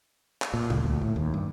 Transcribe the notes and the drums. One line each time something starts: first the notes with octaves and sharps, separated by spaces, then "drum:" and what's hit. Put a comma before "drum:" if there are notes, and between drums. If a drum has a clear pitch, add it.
drum: clap
A#2
C#2, drum: tom A#2
D2
A2
D#2
G2